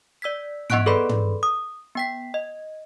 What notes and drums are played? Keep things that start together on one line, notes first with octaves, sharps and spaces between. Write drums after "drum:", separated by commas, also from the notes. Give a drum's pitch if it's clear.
D5 E6 G#6 B6
B3 D#5 F#5 C#6 F#6 D7, drum: tom
G#4 A4 B4 D5 B5 C6
drum: tom
D#6
B3 G5 B6
D#5